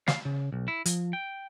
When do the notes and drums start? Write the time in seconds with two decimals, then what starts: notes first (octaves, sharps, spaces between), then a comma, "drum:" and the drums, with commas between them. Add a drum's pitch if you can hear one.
0.08 F5, drum: snare
0.25 C#3
0.52 B1
0.68 E4
0.86 F3, drum: hi-hat
1.13 G5